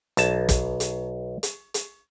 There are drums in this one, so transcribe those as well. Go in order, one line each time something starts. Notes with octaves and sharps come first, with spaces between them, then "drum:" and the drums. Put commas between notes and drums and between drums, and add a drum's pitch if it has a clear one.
B1 A5, drum: hi-hat
drum: kick, hi-hat
drum: hi-hat
drum: hi-hat
drum: hi-hat